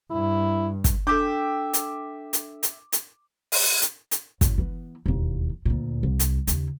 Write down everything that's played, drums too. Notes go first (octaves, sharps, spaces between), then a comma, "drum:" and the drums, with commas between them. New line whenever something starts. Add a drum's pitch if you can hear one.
G2 E4
drum: kick, hi-hat
D4 A4 E5 G5 D6
drum: hi-hat
drum: hi-hat
drum: hi-hat
drum: hi-hat
drum: open hi-hat
drum: hi-hat
drum: hi-hat
F#2 A2, drum: kick, hi-hat
E3 B3
E1 D#2
D2 A#2
C2
drum: hi-hat
D#2 C#3, drum: hi-hat